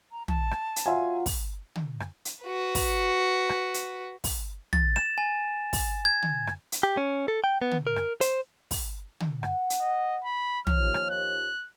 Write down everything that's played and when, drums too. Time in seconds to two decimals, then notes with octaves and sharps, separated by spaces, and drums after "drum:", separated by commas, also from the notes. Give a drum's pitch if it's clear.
0.12 A#5
0.28 A5, drum: tom
0.51 drum: rim click
0.76 drum: hi-hat
0.86 F#3 F4 E5 G#5
1.26 drum: kick, open hi-hat
1.75 drum: tom
2.00 drum: rim click
2.25 drum: hi-hat
2.44 F#4 B4
2.75 drum: kick, open hi-hat
3.49 drum: rim click
3.74 drum: hi-hat
4.24 drum: kick, open hi-hat
4.73 A6, drum: tom
4.96 E7, drum: rim click
5.18 G#5
5.73 drum: kick, open hi-hat
6.05 G#6
6.22 drum: tom
6.47 drum: rim click
6.72 drum: hi-hat
6.83 G4
6.97 C#4
7.28 A4
7.44 G5
7.62 B3
7.71 drum: tom
7.87 A#4
7.96 drum: rim click
8.21 C5, drum: hi-hat
8.71 drum: kick, open hi-hat
9.20 drum: tom
9.43 F#5, drum: rim click
9.70 drum: hi-hat
9.81 D#5
10.24 B5
10.67 D#2 F3 C#5 F6, drum: tom
10.94 drum: rim click
11.10 F#6